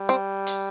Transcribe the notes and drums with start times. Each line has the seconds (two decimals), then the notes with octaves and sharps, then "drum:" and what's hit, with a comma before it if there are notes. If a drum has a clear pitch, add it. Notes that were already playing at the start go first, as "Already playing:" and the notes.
Already playing: G3
0.09 C4
0.47 drum: hi-hat